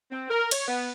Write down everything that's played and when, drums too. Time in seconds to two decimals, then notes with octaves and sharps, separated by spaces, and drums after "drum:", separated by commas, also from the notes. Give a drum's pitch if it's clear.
0.11 C4
0.30 A#4
0.51 C#5, drum: cymbal
0.68 B3